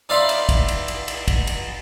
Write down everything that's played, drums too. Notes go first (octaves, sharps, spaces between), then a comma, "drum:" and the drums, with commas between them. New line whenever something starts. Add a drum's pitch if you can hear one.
D#4 D5 E5 F5 B5 C6
drum: cymbal
drum: kick, cymbal
drum: cymbal
drum: cymbal
drum: cymbal
drum: kick, cymbal
drum: cymbal